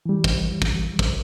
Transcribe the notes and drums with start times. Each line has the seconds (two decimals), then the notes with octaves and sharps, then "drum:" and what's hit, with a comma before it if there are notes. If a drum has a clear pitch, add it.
0.06 E3 G3
0.24 drum: kick
0.62 drum: kick
0.99 drum: kick